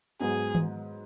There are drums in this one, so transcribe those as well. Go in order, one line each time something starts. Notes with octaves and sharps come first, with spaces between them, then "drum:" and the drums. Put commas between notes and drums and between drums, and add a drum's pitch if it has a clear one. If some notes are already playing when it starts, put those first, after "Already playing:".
G#2 F#3 B3 G#4
drum: tom D#3